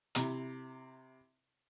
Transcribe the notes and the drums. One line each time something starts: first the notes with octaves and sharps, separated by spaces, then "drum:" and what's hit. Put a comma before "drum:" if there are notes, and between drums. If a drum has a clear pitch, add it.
C3 E4 A#5, drum: hi-hat